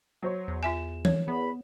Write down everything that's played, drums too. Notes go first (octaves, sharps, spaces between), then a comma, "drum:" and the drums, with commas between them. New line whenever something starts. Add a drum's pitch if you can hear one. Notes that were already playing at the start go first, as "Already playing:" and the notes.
F#3 C5 C#5
E2
F4 E5 G#5 E7
C#5, drum: tom E3
E2 B3 B5